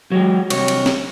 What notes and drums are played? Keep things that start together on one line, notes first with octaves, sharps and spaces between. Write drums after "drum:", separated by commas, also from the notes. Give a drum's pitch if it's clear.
F#3 G#3
C2 C#5, drum: cymbal
drum: cymbal
drum: snare